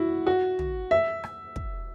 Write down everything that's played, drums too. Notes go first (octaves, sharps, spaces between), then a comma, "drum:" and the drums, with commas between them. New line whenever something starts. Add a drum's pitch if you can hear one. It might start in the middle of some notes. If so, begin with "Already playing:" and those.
Already playing: E4 F#4
F#4
drum: tom
E5
drum: rim click
drum: kick